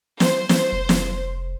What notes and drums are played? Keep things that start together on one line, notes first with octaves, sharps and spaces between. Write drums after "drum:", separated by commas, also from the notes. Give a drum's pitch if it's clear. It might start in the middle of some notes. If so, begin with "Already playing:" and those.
C5, drum: snare
drum: snare
F1
drum: snare